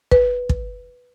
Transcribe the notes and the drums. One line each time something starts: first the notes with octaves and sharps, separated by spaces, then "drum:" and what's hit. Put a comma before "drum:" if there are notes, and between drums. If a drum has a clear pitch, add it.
B4, drum: kick
drum: kick